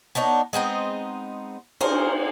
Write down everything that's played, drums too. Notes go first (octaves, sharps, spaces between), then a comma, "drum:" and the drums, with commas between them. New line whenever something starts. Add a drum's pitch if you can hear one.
B3 D4 D#4 C#5
G#3 B3 C4 D#4
G#4 A#4 C5, drum: cymbal